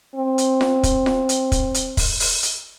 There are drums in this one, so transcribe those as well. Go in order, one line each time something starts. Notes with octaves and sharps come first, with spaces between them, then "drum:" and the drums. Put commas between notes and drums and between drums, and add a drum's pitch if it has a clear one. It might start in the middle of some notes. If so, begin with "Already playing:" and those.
C4
drum: hi-hat
drum: snare F4
drum: kick, hi-hat
drum: snare F4
drum: hi-hat
drum: kick, hi-hat
drum: hi-hat
drum: kick, open hi-hat
drum: open hi-hat
drum: hi-hat